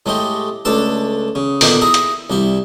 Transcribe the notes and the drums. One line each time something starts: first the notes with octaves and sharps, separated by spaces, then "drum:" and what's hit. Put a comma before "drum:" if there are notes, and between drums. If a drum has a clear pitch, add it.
A2 G#3 A3 G4
C#2 A3 D4 A4 A5
C#3
A#2 D3 D#3 B3, drum: open hi-hat
E4 G#4 A#5
drum: hi-hat
C2 G3 E4